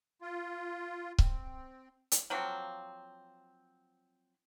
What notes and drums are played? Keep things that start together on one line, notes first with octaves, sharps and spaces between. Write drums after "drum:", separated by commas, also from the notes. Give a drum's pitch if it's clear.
F4
C4, drum: kick C#1
drum: hi-hat
F3 F#3 A#3 C4